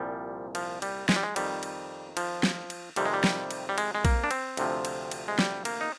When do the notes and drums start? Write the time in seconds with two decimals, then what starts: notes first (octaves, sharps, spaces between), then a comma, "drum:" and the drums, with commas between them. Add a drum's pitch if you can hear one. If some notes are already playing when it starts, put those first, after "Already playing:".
Already playing: C2 A#2 F3 G3
0.55 F3, drum: cymbal
0.82 G3, drum: cymbal
1.09 G#3, drum: snare
1.16 G3
1.23 G#3
1.36 F2 D#3 G3, drum: cymbal
1.63 drum: cymbal
2.17 F3, drum: cymbal
2.43 drum: snare
2.70 drum: cymbal
2.96 F2 C3 D#3 G3, drum: cymbal
3.06 G#3
3.14 G3
3.24 drum: snare
3.51 drum: cymbal
3.69 G3
3.78 G#3, drum: cymbal
3.95 G#3
4.05 A#3, drum: kick A#1, cymbal
4.24 D4
4.31 C4, drum: cymbal
4.57 D2 C3 F3, drum: cymbal
4.85 drum: cymbal
5.11 drum: cymbal
5.28 G#3
5.39 G3, drum: snare
5.65 A#3, drum: cymbal
5.81 D#4